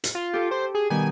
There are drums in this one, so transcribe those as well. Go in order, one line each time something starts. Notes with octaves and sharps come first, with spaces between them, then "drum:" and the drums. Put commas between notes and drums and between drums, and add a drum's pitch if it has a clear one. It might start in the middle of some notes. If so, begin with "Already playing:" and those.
drum: hi-hat
F4
G4 A4
C5
G#4
B2 D#3 G3 G#5